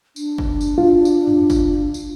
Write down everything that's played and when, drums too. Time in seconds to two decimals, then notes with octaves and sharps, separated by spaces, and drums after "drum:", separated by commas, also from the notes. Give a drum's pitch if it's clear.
0.16 D4, drum: tambourine
0.38 drum: kick
0.61 drum: tambourine
0.78 F4
1.05 drum: tambourine
1.27 drum: tom F2
1.50 drum: kick, tambourine
1.94 drum: tambourine